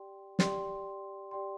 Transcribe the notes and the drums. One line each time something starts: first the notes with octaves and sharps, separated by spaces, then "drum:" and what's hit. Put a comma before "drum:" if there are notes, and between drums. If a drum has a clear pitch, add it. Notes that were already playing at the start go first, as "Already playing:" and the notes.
Already playing: G4 D5 G5 C6
G4 D5 G5 C6, drum: snare
G4 D5 G5 C6